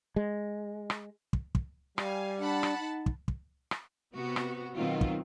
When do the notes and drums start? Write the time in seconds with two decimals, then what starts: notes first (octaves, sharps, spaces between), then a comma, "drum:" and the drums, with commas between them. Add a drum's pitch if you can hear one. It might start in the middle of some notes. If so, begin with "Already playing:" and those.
0.16 G#3
0.90 drum: rim click
1.33 drum: kick
1.55 drum: kick
1.98 G3 F5 G#5, drum: rim click
2.39 D4 F#5 A5 B5
2.63 drum: rim click
2.78 D#4
3.06 drum: kick
3.28 drum: kick
3.71 drum: rim click
4.14 C3 B3 F#4
4.36 drum: rim click
4.75 B2 D#3 F#3 C4 F4
5.01 drum: kick